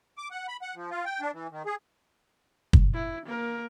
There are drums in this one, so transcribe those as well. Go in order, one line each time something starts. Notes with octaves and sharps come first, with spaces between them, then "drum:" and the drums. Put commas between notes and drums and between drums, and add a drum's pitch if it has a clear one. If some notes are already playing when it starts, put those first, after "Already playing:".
D6
F#5
B5
F#5
F3
F4
G5
D4
E3
D#3
G#4
drum: kick
E4
A#3 A#4